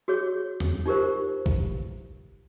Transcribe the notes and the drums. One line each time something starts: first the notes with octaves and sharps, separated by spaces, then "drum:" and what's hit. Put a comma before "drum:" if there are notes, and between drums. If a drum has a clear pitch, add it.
F#4 G#4 C#5
drum: tom E2
D#4 F4 G4 A#4 C5
drum: kick